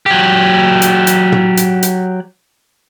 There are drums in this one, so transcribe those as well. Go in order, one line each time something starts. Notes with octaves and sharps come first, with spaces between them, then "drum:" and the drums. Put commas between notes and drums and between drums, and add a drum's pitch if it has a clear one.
F#3 G4
drum: hi-hat
drum: hi-hat
drum: tom
drum: hi-hat
drum: hi-hat